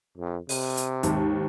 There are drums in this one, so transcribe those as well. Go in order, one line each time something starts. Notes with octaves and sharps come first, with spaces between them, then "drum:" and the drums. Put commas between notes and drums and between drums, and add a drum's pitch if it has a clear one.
F2
C3, drum: open hi-hat
drum: hi-hat
D#2 G#2 A5, drum: hi-hat